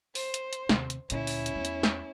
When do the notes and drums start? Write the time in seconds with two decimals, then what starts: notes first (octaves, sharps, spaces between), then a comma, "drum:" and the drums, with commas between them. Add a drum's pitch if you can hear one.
0.15 C5, drum: open hi-hat
0.34 drum: hi-hat
0.53 drum: hi-hat
0.69 D#2 C3, drum: snare
0.90 drum: hi-hat
1.10 D2 A#2 C#4 E4, drum: hi-hat
1.27 drum: open hi-hat
1.46 drum: hi-hat
1.55 E2 A3
1.65 drum: hi-hat
1.83 drum: snare